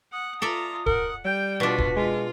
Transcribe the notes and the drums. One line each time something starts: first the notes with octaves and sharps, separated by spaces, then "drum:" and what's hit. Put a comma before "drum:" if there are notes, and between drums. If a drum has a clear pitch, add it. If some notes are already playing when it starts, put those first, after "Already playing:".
F#5 D#6
F4 A4 D5 E5 A#5
A#4 F#5, drum: kick
G3 G5 G6
B2 D4 F4 F#4 B6
drum: kick
G#3 F4